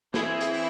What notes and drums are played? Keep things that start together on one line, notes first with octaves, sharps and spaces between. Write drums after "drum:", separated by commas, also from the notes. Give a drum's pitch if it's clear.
E3 C4 E4 G#4, drum: snare
drum: hi-hat
drum: open hi-hat